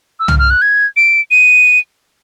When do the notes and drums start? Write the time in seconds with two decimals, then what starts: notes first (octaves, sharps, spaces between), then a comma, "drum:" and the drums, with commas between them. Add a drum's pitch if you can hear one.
0.20 E6
0.28 F6, drum: tom C2
0.39 F6
0.50 F#6
0.62 G#6
0.97 D7
1.31 D#7